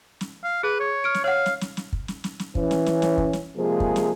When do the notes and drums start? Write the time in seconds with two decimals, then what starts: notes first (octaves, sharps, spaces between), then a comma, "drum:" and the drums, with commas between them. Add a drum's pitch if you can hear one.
0.21 drum: snare
0.44 F5
0.63 G#4 B4
0.80 C#5
1.04 F6 D7
1.14 drum: snare
1.24 C#5 F5 F#5
1.46 drum: snare
1.61 drum: snare
1.77 drum: snare
1.93 drum: kick
2.08 drum: snare
2.24 drum: snare
2.39 drum: snare
2.55 E3 C#4, drum: kick
2.71 drum: snare
2.86 drum: snare
3.02 drum: snare
3.18 drum: kick
3.33 drum: snare
3.56 C3 F3 G#3 A#3 G#4
3.80 drum: kick
3.96 drum: snare